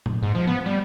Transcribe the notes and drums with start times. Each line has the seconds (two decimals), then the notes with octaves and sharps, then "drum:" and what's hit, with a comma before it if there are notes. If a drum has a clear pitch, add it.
0.06 drum: tom A2
0.23 G#2
0.35 F3
0.47 B3
0.66 G3